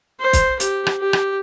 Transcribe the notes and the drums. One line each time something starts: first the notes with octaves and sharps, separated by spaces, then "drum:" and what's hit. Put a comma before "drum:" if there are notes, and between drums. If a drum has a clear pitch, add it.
C5
drum: kick, hi-hat
G4, drum: hi-hat
drum: rim click
G4
drum: rim click